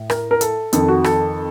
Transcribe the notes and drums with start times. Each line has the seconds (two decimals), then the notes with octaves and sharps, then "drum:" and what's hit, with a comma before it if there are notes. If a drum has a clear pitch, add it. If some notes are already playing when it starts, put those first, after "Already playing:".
Already playing: A2
0.10 A#4, drum: rim click
0.31 A#4
0.41 A4, drum: hi-hat
0.73 F2 D#3 A4, drum: hi-hat
0.88 F#4
1.04 A4, drum: rim click